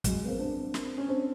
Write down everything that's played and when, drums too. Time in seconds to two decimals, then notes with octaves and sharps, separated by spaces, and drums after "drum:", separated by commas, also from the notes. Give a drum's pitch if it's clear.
0.04 F#3 G#3, drum: kick, hi-hat
0.24 B3
0.28 A#3 C4
0.39 C4 D4
0.74 drum: snare
0.98 C#4
1.08 C4 D4